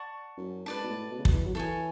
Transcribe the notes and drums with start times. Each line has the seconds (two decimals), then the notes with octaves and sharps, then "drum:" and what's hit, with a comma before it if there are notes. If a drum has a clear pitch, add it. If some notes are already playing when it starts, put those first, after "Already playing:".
Already playing: D5 F#5 A5 C#6
0.37 F#2
0.66 G#2 B4 D5 A5
0.84 B2
0.89 A2
1.11 B2
1.18 C#3
1.25 B2, drum: kick
1.33 E3
1.45 F#3
1.55 E3 A4 C#5 G#5